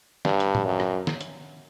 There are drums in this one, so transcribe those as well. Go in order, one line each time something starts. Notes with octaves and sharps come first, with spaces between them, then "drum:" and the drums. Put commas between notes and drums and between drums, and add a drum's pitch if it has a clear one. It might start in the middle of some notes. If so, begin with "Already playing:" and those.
G2, drum: snare
drum: hi-hat
drum: tom A2
F#2
drum: rim click
drum: snare
drum: hi-hat